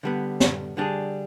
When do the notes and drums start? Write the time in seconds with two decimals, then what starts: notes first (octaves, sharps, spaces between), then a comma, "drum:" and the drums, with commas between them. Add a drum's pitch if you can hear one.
0.03 D3 G3 B3
0.40 drum: snare
0.77 D3 G3 D4 G#4